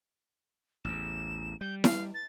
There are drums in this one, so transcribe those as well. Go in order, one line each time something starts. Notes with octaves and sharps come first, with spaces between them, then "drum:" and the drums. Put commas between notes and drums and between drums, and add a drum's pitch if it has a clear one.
A1 E2 E7
G3 G6
F5, drum: snare E4
A6